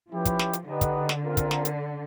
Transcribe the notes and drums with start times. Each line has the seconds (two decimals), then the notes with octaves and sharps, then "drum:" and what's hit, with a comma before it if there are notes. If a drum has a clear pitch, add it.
0.11 F3 C#4 E4 G4 B4
0.25 drum: kick, hi-hat
0.39 drum: snare
0.53 drum: hi-hat
0.67 D3 D#4 G4 B4 D#5 F#5
0.81 drum: kick, hi-hat
1.09 drum: snare
1.23 C4 F4 A#4
1.37 drum: kick, hi-hat
1.51 drum: snare
1.65 drum: hi-hat